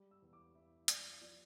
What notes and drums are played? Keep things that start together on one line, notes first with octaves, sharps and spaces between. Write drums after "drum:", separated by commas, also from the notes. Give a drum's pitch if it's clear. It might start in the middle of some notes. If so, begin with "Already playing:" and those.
Already playing: G3
E6
E2
D6
E3 E5
G3 D5, drum: hi-hat
F3 D5